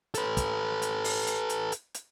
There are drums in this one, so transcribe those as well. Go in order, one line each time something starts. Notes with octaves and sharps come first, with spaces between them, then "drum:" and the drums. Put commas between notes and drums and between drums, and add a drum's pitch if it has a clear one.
A4 B4, drum: hi-hat
drum: kick, hi-hat
drum: hi-hat
drum: open hi-hat
drum: hi-hat
drum: hi-hat
drum: hi-hat
drum: hi-hat